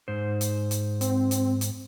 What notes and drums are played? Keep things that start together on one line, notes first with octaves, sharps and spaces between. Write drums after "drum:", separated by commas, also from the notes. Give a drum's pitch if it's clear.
G#2 C5
drum: hi-hat
drum: hi-hat
C4, drum: hi-hat
drum: hi-hat
drum: hi-hat